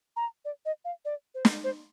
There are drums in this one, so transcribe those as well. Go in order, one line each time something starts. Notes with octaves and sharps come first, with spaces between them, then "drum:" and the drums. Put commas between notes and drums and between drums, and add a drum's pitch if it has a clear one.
A#5
D5
D#5
F5
D5
C5
drum: snare
C5